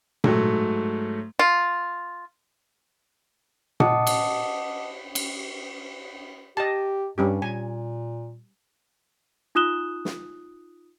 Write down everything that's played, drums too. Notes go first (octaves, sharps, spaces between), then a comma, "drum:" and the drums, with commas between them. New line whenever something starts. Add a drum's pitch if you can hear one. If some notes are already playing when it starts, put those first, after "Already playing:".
G#2 F#3 A3, drum: tom A#2
F4
D#5 F#5 A5 D6 D#6 C#7, drum: tom A#2
drum: cymbal
drum: cymbal
G4 D#5 A5
G2 G3 C#4 G4
A#2 G#5
D#4 F4 D#6 F#6 E7 G7
drum: snare